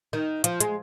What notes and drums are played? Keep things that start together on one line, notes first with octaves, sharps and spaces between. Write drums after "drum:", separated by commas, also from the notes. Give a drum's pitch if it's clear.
D#3
F3, drum: hi-hat
G#3, drum: hi-hat